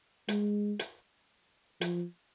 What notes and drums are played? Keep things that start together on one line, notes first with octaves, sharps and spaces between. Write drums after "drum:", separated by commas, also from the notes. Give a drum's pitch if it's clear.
G#3, drum: hi-hat
drum: hi-hat
F3, drum: hi-hat